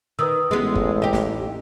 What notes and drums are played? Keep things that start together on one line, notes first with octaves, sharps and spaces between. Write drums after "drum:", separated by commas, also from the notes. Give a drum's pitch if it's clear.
D#3 B4 D#6 E6
A1 G#3 B3
drum: kick F#1
D#4 G4
drum: snare